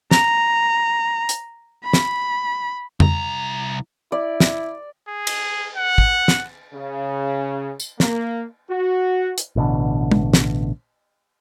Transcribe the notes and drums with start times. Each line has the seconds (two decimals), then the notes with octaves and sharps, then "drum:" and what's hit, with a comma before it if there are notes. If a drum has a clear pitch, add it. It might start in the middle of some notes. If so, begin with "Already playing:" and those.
0.11 A#5, drum: snare
1.29 drum: hi-hat
1.84 B5
1.93 drum: snare
3.00 C2 A#5, drum: tom F2
4.12 E4 D5
4.40 drum: snare
5.08 G#4
5.27 drum: cymbal
5.76 F#5
5.98 drum: kick
6.28 drum: snare
6.75 C#3
7.80 drum: tambourine
8.00 A#3, drum: snare
8.71 F#4
9.38 drum: hi-hat
9.56 A1 B2 D3
10.11 drum: tom
10.33 drum: snare